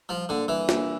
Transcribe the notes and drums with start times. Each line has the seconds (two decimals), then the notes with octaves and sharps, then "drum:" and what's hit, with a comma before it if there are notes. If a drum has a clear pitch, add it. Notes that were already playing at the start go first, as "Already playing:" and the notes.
0.09 F3 G3
0.29 D3 A#3 D4
0.48 E3 G3
0.69 A#3 D4, drum: snare